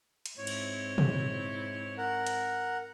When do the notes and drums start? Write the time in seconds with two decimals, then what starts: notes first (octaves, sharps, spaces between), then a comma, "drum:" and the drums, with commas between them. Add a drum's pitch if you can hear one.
0.26 drum: hi-hat
0.38 G#2 C4 E4 C#5
0.47 drum: cymbal
0.98 drum: tom
1.98 A#4 F#5
2.27 drum: hi-hat